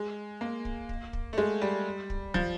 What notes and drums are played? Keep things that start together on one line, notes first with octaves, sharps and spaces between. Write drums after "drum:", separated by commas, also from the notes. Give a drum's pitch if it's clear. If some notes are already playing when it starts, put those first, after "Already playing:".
Already playing: G#3
A#3
drum: kick
drum: kick
drum: kick
A3
G#3
G3
drum: kick
F3, drum: kick